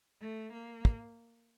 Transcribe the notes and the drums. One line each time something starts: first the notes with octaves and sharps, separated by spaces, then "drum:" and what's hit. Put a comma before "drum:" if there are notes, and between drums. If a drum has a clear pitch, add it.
A3
A#3
drum: kick